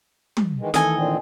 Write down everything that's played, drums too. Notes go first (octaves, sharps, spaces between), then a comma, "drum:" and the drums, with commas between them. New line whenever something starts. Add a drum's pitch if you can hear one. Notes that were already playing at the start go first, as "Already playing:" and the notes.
drum: tom
D#3 E3 G#3
D#3 E3 A3 A4 D#5 G#5, drum: hi-hat
A#2 D3 C4